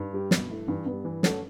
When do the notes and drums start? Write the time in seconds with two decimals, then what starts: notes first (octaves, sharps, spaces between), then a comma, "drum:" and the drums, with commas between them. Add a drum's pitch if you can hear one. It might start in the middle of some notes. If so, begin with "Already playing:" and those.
Already playing: G2
0.12 G3 D4 G4
0.31 B2, drum: snare
0.50 A3 E4
0.68 G2 E3
0.87 G2 G3 B3
1.05 E3
1.23 A3 C#4 F#4 A4, drum: snare